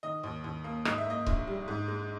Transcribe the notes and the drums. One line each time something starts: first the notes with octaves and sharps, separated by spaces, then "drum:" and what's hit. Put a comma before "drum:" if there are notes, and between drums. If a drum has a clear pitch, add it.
D#3 D#5
D#2
D#2
A#3
G#2 D#5, drum: rim click
E5
A#3 D#5
A#1, drum: kick C#1
G3
G#2
G#3